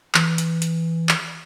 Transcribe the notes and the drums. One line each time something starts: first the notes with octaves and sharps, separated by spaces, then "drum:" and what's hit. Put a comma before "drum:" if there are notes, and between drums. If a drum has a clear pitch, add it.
E3, drum: clap
drum: hi-hat
drum: hi-hat
drum: clap